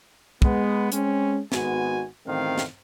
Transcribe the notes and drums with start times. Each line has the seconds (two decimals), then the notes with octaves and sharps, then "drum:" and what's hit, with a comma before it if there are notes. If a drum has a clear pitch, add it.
0.42 G#3 B3, drum: kick
0.92 G#3 C4 C#4, drum: hi-hat
1.52 G#1 G#3 B3 F#4 G#5, drum: snare
2.26 A1 D#3 A3 C4 F5
2.58 drum: snare